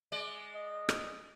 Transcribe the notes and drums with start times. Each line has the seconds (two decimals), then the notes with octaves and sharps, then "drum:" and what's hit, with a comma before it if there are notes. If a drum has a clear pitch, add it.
0.12 G#3 D5
0.55 D#5
0.89 drum: rim click